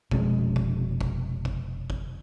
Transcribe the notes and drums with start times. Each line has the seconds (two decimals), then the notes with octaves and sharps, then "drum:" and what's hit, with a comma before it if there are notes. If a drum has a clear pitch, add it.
0.11 F1 B2 G#3 C#4, drum: kick
0.56 drum: kick
1.01 drum: kick
1.45 drum: kick
1.90 drum: kick